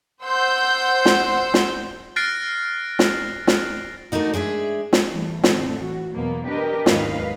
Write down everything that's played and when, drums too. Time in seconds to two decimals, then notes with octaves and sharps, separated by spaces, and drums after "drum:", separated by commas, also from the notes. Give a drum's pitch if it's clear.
0.25 C5 F#5 C6 E6 G6
1.05 drum: snare
1.54 drum: snare
2.16 F6 F#6 A6 A#6 C7 D7
2.99 drum: snare
3.47 drum: snare
4.12 A3 A#3 D4 D#4 F#4
4.34 G#3 D4 G#4 E5
4.93 drum: snare
5.11 E3 G3 A3
5.44 A2 D3 A3 C4, drum: snare
5.76 E3 F#4
6.14 E2 B2 F#3 A#3 B3
6.47 D4 G4 A#4 B4 D#5
6.86 D#2 G#2 F#3 B4 D#5 F5, drum: snare